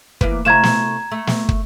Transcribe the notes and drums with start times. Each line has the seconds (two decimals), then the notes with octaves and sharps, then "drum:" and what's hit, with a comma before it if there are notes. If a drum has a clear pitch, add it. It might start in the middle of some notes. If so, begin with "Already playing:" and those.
0.21 E3 A#3 B4, drum: kick
0.45 C3 A3 F5 A#5 G#6 E7
0.63 drum: snare
1.11 A3
1.27 drum: snare
1.49 drum: kick